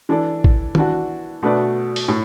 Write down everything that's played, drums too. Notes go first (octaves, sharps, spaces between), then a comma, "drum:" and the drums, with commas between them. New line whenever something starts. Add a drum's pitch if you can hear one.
E3 D4 A4 D5
drum: kick A1
E3 D4 F#4, drum: tom
B2 A3 D4 B4 D5
drum: open hi-hat
A2